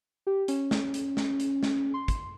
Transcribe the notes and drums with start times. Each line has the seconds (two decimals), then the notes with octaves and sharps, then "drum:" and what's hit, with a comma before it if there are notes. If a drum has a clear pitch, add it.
0.27 G4
0.48 C#4, drum: hi-hat
0.71 drum: snare
0.94 drum: hi-hat
1.17 drum: snare
1.40 drum: hi-hat
1.63 drum: snare
1.94 C6
2.08 drum: kick, hi-hat